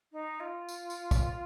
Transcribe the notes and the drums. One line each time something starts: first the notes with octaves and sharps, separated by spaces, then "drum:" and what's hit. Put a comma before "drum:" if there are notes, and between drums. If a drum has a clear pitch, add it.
D#4
F4
drum: tambourine
drum: tambourine
drum: kick, tambourine